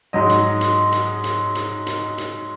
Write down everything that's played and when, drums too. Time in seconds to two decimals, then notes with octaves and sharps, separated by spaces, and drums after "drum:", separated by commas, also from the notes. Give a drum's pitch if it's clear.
0.13 G#2 F#3 D#5
0.29 drum: hi-hat
0.61 drum: hi-hat
0.92 drum: hi-hat
1.24 drum: hi-hat
1.55 drum: hi-hat
1.87 drum: hi-hat
2.18 drum: hi-hat